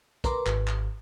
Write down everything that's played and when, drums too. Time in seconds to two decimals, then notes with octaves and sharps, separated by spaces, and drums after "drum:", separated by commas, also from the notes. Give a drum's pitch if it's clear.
0.24 A#4 B4 A#5 C6 D6, drum: kick, hi-hat
0.46 G#1, drum: clap
0.67 drum: clap